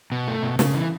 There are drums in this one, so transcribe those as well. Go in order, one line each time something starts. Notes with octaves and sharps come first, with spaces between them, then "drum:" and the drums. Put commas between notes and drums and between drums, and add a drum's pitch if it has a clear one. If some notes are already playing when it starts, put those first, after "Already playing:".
B2
A3
B2
C#3, drum: snare
E3